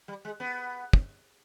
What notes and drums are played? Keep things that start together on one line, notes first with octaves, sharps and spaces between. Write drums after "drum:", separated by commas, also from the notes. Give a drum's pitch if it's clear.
G3
G#3
B3
drum: kick